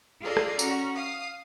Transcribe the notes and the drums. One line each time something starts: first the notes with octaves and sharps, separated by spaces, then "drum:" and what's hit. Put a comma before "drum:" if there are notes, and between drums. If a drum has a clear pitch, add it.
F4 G#4 A4 D5 D#5
drum: rim click
C#4 F#4 A#5, drum: tambourine
F5 D#6